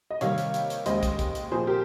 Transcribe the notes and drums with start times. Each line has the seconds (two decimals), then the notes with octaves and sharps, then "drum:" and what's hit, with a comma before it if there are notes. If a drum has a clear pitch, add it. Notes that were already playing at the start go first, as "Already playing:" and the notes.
0.11 D#5
0.21 C3 D#3 G3 C#5 F5, drum: hi-hat
0.38 drum: hi-hat
0.54 drum: hi-hat
0.70 drum: hi-hat
0.86 D#2 C#3 G#3 C5 D#5, drum: hi-hat
1.03 drum: kick, hi-hat
1.19 drum: kick, hi-hat
1.35 drum: hi-hat
1.51 A#2 F3 C4 G#4 C5
1.67 G4 A#4